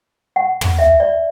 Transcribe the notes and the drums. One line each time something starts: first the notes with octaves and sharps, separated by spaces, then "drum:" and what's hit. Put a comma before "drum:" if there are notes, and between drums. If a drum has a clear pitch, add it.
F#5
drum: tom
E5
D5